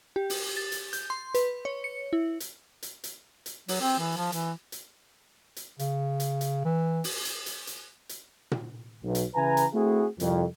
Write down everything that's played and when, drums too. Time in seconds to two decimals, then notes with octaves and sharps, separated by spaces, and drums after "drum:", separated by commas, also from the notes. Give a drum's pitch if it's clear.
0.16 G4
0.30 drum: open hi-hat
0.57 A6
0.72 drum: hi-hat
0.93 G6, drum: hi-hat
1.10 C6
1.35 B4, drum: hi-hat
1.65 C#5
1.84 C#7
2.13 E4
2.40 drum: hi-hat
2.83 drum: hi-hat
3.04 drum: hi-hat
3.46 drum: hi-hat
3.68 F#3, drum: open hi-hat
3.81 C4
3.99 E3
4.17 F3
4.32 E3, drum: hi-hat
4.72 drum: hi-hat
5.56 drum: hi-hat
5.79 C#3, drum: hi-hat
6.20 drum: hi-hat
6.41 drum: hi-hat
6.65 E3
7.04 drum: open hi-hat
7.25 drum: hi-hat
7.46 drum: hi-hat
7.67 drum: hi-hat
8.09 drum: hi-hat
8.52 drum: tom A#2
9.04 B1
9.15 drum: hi-hat
9.35 C#3 E3 B4 E5 G#5 A#5
9.57 drum: hi-hat
9.74 A3 C4 E4 F#4 G#4
10.20 C2 F2, drum: hi-hat